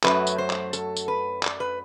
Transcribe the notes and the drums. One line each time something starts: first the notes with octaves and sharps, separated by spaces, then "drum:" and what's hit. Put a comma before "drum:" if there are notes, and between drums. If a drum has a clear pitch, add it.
F#2 F#3 A3 B4, drum: clap
drum: tambourine
C5
drum: clap
A4, drum: tambourine
drum: tambourine
B4
D5, drum: clap
B4